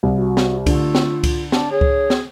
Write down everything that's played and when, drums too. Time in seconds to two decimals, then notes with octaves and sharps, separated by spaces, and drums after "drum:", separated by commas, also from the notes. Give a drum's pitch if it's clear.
0.03 C2
0.17 F#4
0.37 drum: snare
0.66 D3 A3 F4, drum: kick C#2, cymbal
0.95 drum: snare
1.23 drum: kick C#2, cymbal
1.52 D4, drum: snare
1.71 G#4 C#5
1.81 drum: kick C#2
2.10 drum: snare